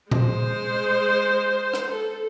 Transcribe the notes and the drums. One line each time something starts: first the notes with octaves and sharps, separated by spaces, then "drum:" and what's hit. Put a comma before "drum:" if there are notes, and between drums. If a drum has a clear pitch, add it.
G#3 C5, drum: tom A#2
drum: rim click
A4